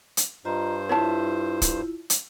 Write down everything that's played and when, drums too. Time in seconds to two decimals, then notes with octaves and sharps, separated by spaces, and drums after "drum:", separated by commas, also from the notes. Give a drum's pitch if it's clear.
0.17 drum: hi-hat
0.45 G2 F4 C5 D#5 A#5
0.89 E4 F4 C#5 E5 A5
1.62 drum: kick D1, hi-hat
2.10 drum: hi-hat